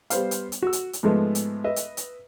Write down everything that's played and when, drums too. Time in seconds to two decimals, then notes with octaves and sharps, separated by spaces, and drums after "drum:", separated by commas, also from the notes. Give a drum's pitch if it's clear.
0.10 G3 B3 C5 F5, drum: hi-hat
0.31 drum: hi-hat
0.52 drum: hi-hat
0.62 F#4 E6
0.73 drum: hi-hat
0.93 drum: hi-hat
1.03 G#2 F3 G#3 A3 B3
1.35 drum: hi-hat
1.64 B4 D#5 E5
1.76 drum: hi-hat
1.97 drum: hi-hat